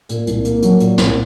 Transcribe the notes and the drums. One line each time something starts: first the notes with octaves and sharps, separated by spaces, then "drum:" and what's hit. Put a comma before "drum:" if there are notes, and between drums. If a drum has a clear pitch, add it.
A#2, drum: hi-hat
C2, drum: hi-hat
A#3, drum: hi-hat
F#3, drum: hi-hat
A#2, drum: hi-hat
C2, drum: snare